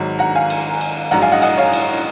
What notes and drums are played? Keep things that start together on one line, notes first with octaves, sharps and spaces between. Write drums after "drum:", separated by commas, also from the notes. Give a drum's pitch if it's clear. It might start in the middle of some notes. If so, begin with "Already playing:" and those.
Already playing: G#1 G#2 F#3
F#5 A#5
F5 G#5
drum: cymbal
drum: cymbal
A#1 G#2 F#3 F#5 A#5
F5 G#5
D#5 F#5
D#5 F#5, drum: cymbal
C#5 F5
drum: cymbal